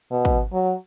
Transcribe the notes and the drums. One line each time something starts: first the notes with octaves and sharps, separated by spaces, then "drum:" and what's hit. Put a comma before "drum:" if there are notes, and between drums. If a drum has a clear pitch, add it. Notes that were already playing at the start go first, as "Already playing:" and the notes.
B2
drum: kick
F#3